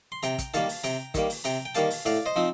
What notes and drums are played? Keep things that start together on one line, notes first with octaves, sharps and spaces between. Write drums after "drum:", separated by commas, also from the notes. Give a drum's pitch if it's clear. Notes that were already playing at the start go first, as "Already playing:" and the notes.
C6
C3 G5 A#5, drum: hi-hat
drum: kick, hi-hat
D#3 G3 A#3 F5 A5, drum: hi-hat
drum: open hi-hat
C3 G5 A#5, drum: hi-hat
D#3 G3 A#3, drum: kick, hi-hat
drum: open hi-hat
C3 G5 A#5, drum: hi-hat
G5
D#3 G3 A#3 F5 A5, drum: hi-hat
drum: open hi-hat
A2 D5 F5, drum: hi-hat
C5 D#5
F3 C4 D#4